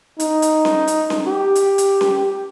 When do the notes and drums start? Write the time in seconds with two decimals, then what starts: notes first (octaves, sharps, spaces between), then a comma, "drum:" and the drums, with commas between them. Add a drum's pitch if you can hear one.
0.20 D#4, drum: hi-hat
0.42 drum: hi-hat
0.65 drum: snare C#4
0.87 drum: hi-hat
1.10 drum: snare C#4
1.27 G4
1.55 drum: hi-hat
1.78 drum: hi-hat
2.01 drum: snare C#4